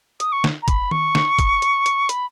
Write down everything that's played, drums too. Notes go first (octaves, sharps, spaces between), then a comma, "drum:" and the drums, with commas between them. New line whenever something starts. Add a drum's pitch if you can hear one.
D#6, drum: hi-hat
C#6
drum: snare
A#5
B5, drum: kick, hi-hat
C#6, drum: tom D#3
drum: snare
drum: kick, hi-hat
drum: hi-hat
drum: hi-hat
B5, drum: hi-hat